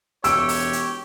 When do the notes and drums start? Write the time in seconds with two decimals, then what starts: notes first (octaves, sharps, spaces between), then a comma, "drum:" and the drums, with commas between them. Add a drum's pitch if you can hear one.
0.24 E1 G4 C#5 E6 D7, drum: hi-hat
0.49 drum: open hi-hat
0.73 drum: hi-hat